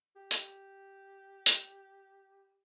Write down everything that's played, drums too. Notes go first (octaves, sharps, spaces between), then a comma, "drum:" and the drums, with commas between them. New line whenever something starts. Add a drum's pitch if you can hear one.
G4
drum: hi-hat
drum: hi-hat